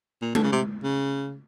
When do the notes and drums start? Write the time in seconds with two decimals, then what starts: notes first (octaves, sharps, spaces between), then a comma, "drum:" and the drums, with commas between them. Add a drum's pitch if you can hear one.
0.21 A#2
0.35 D3, drum: tom G#3
0.43 C#3
0.52 C3
0.83 C#3